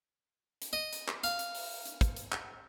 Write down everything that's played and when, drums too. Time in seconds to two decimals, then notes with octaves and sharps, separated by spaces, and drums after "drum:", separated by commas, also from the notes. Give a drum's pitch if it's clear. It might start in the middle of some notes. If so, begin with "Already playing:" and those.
0.62 drum: hi-hat
0.73 D#5
0.93 drum: hi-hat
1.08 drum: clap
1.24 F5, drum: hi-hat
1.39 drum: hi-hat
1.55 drum: open hi-hat
1.86 drum: hi-hat
2.01 drum: kick, hi-hat
2.16 drum: hi-hat
2.32 drum: clap